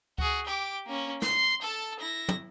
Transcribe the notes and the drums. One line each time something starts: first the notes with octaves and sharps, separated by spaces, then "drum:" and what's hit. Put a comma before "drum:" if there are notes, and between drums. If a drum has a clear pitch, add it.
F#4 G#4, drum: kick C#2
G4 D6
A#3 C#4
C6 C7, drum: snare
A4 A5
E4 A#6
drum: tom